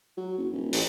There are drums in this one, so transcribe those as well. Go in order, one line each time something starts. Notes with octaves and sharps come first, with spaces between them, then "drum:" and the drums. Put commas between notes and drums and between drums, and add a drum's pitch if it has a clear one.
F#3
F#1
D#1
A1, drum: open hi-hat